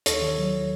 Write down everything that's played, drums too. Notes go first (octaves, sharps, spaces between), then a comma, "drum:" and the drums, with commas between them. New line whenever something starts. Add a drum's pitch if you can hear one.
D#2 A4 C#5, drum: hi-hat
D#3
F#3